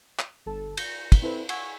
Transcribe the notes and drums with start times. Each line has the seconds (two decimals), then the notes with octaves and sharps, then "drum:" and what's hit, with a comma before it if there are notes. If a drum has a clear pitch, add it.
0.19 drum: clap
0.46 G1 A4 A5
0.77 G6 A#6 C#7, drum: cymbal
1.12 drum: kick, cymbal
1.22 C4 E4 A4 B4 C5
1.49 F#5 G#5 C#6 E6 G#6, drum: cymbal